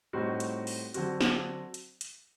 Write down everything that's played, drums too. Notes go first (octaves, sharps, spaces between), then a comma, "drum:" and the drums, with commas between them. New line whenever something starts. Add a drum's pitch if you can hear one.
A2 G3 C4 D#4 F#4
drum: hi-hat
drum: open hi-hat
D3 F#3 C4 F#4, drum: hi-hat
drum: snare
drum: hi-hat
drum: hi-hat